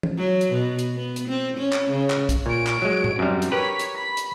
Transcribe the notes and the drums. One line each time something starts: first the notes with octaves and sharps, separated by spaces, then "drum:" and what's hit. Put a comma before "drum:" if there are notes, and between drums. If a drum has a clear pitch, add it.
drum: tom
F#3
drum: hi-hat
B2
drum: hi-hat
B3
drum: hi-hat
C4
C#4
drum: clap
C#3
drum: clap
drum: kick, hi-hat
A#2 C#5 D7
drum: clap
F#3 G#3
drum: tom A2
F#2 G3 C4 D4
drum: hi-hat
G4 A#4 B4 C#5 B6
drum: hi-hat
B5 B6
drum: hi-hat